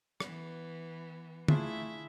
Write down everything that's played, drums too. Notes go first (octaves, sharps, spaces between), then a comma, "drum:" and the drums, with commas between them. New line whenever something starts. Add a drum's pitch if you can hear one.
E3 B3, drum: rim click
A3 D4 E4 F4 G#4 E5, drum: tom D3